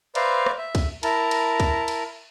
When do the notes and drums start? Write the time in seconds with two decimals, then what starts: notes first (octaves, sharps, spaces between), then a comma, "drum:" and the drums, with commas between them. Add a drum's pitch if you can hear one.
0.15 B4 C5 D5 E5 F5 A#5, drum: cymbal
0.46 drum: rim click
0.58 E5
0.75 drum: kick, cymbal
1.03 E4 A#4 A5 A#5, drum: cymbal
1.31 drum: cymbal
1.60 drum: kick, cymbal
1.88 drum: cymbal